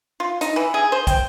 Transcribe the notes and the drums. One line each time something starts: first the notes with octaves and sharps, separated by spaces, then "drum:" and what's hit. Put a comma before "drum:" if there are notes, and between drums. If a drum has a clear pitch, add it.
F4
D#4, drum: hi-hat
E3
G#4
C5
G5, drum: kick, hi-hat